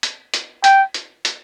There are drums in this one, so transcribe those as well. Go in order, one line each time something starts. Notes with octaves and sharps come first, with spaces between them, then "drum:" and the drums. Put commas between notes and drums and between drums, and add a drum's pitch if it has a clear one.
drum: hi-hat
drum: hi-hat
G5, drum: hi-hat
drum: hi-hat
drum: hi-hat